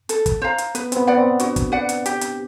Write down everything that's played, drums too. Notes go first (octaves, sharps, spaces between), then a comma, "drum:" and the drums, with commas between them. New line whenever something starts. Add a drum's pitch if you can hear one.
A4, drum: hi-hat
drum: kick, hi-hat
C5 F5 A#5
drum: hi-hat
B3 B4, drum: hi-hat
C4, drum: hi-hat
B3
B3 D5 F#5
C4
D4 F#4, drum: hi-hat
drum: kick, hi-hat
B4 D5 F#5
drum: hi-hat
G4, drum: hi-hat
drum: hi-hat